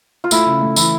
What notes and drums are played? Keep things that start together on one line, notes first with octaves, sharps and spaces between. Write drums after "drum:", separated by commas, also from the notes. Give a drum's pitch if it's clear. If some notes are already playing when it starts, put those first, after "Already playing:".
F4
A3 E4, drum: tambourine
C#3
A3
E3 E4, drum: tambourine